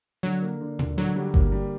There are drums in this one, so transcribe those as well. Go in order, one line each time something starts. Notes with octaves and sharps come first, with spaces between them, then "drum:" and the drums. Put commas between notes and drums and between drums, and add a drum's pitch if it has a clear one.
D3 F#3
A#3
D3
D3, drum: tom A#2
D3 F#3
G3
A#3, drum: kick G1
G3